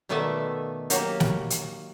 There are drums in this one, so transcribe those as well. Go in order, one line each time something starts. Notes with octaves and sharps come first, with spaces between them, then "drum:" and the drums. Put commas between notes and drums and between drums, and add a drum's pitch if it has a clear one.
B2 D#3 A3 B3 D5 E5
F#3 A#3 F#4 G4, drum: hi-hat
drum: snare
drum: hi-hat